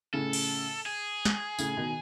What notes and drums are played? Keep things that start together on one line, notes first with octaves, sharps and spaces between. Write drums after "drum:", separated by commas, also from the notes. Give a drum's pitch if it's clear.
A2 C#3 A4
drum: cymbal
G#4
drum: snare
A2 C#3, drum: tambourine
B2 D#3